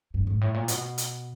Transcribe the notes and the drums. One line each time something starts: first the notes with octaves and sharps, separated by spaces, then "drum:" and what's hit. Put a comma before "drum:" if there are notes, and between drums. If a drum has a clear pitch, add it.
G2
G#2
A2
A#2
B2, drum: hi-hat
drum: hi-hat